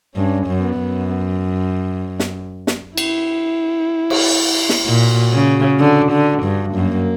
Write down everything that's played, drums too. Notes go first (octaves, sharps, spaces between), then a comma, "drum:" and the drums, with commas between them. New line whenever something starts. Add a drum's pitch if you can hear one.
G2 C#4
F#2
B3
F#2
drum: snare
drum: snare
E4, drum: cymbal
drum: cymbal
drum: snare
A#2 F#4
C#3
D3
D3
G2
F#2 A#3